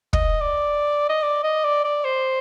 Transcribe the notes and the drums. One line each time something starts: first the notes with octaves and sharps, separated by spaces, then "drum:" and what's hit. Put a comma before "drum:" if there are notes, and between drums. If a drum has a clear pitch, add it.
D#5, drum: kick
D5
D#5
D5
D#5
D5
D5
C5